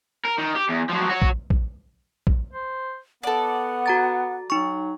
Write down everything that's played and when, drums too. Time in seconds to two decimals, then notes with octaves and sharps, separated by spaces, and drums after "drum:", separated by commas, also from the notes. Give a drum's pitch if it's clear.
0.25 A#4
0.39 D#3
0.56 G4
0.69 E2
0.90 F3 F#3
1.10 F#4 C#5
1.22 drum: kick
1.50 drum: kick
2.27 drum: kick
2.53 C5
3.23 B3 A4 D5 F#5
3.86 F#4 A#5 A6
4.50 F#3 D#4 C#6